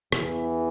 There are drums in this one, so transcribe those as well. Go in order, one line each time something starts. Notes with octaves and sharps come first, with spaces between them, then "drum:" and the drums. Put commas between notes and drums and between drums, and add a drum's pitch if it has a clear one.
E2 E3, drum: rim click